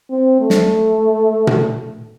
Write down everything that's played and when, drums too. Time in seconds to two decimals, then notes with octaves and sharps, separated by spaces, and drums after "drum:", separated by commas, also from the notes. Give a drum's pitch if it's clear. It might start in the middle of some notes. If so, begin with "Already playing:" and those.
0.11 C4
0.40 A3
0.50 drum: snare
1.47 drum: tom A#2